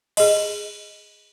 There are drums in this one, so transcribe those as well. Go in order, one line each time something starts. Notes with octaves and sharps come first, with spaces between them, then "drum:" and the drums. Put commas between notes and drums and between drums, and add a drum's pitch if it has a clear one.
G#4 D#5, drum: cymbal